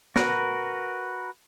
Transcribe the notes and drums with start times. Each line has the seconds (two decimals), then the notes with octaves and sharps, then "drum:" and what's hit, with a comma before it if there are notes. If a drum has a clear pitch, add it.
0.16 F#4 A#4 B4, drum: snare